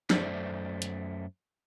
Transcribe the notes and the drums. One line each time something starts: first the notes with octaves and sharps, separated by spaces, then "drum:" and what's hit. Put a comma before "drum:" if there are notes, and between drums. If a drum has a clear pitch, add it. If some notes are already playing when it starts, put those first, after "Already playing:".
F#2 A3 C5 D5, drum: snare
drum: hi-hat